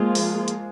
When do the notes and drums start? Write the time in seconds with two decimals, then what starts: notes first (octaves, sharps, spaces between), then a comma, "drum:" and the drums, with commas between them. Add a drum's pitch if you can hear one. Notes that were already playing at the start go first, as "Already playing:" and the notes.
Already playing: F3 G#3 A#3 F4 G#4
0.15 drum: open hi-hat
0.48 drum: hi-hat